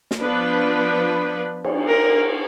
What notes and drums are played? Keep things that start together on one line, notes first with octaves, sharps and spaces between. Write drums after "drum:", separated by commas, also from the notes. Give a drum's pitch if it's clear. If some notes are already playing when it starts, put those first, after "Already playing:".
drum: snare
F3 B3 D4 B4
drum: cymbal
A#4